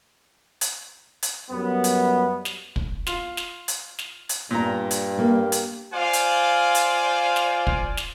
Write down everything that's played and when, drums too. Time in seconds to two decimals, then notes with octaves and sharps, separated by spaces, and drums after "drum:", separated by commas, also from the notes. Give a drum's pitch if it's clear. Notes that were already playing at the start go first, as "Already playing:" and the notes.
0.61 drum: hi-hat
1.22 drum: hi-hat
1.51 F#2 G3 B3
1.84 drum: hi-hat
2.45 drum: snare
2.76 drum: kick
3.07 F4, drum: snare
3.37 drum: snare
3.68 drum: hi-hat
3.99 drum: snare
4.29 drum: hi-hat
4.51 G2 A#2 A#5
4.91 drum: hi-hat
5.18 A#3 G4
5.52 drum: hi-hat
5.92 F4 C5 D5 F5 G#5
6.13 drum: hi-hat
6.75 drum: hi-hat
7.36 drum: snare
7.67 drum: kick
7.97 drum: snare